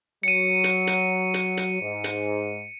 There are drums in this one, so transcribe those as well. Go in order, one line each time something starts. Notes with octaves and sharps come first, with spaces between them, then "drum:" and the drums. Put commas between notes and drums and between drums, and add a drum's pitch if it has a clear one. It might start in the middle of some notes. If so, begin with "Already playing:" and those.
F#3 C#7 D#7
drum: hi-hat
drum: hi-hat
drum: hi-hat
drum: hi-hat
G#2
drum: hi-hat